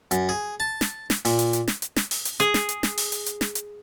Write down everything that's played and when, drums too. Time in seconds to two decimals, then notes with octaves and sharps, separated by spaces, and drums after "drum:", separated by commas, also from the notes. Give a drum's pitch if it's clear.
0.11 F#2, drum: hi-hat
0.29 G#4
0.60 A5
0.81 drum: snare
1.10 drum: snare
1.25 A#2, drum: open hi-hat
1.39 drum: hi-hat
1.53 drum: hi-hat
1.68 drum: snare
1.82 drum: hi-hat
1.96 drum: snare
2.11 drum: open hi-hat
2.25 drum: hi-hat
2.40 G#4, drum: hi-hat
2.54 drum: snare
2.69 drum: hi-hat
2.83 drum: snare
2.98 drum: open hi-hat
3.12 drum: hi-hat
3.26 drum: hi-hat
3.41 drum: snare
3.55 drum: hi-hat